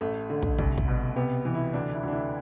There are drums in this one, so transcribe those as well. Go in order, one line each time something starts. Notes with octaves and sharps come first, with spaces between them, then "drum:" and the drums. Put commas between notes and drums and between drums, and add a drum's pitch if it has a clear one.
A1 A3
D3
drum: kick
C2, drum: kick
drum: kick
B2
C3 B3
E3
E4
D2 D4
E4
D2 D4
E4